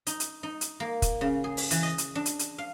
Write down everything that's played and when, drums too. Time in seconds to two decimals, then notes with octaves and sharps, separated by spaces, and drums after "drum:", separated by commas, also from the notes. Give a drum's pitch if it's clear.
0.07 D#4, drum: hi-hat
0.20 drum: hi-hat
0.43 D#4
0.61 drum: hi-hat
0.80 A#3
1.02 drum: kick, hi-hat
1.21 C#3
1.44 G#4
1.57 drum: open hi-hat
1.71 E3, drum: hi-hat
1.83 D#5
1.98 drum: hi-hat
2.15 D4
2.26 drum: hi-hat
2.39 drum: hi-hat
2.58 F5